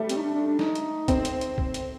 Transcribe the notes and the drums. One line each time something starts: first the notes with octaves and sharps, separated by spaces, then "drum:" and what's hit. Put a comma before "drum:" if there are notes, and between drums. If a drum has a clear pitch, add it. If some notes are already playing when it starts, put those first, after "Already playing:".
Already playing: G3 A3
C4, drum: hi-hat
D#4
D4
D4
D4
D#4, drum: snare
drum: hi-hat
C4, drum: kick, hi-hat
drum: hi-hat
drum: hi-hat
drum: kick
drum: hi-hat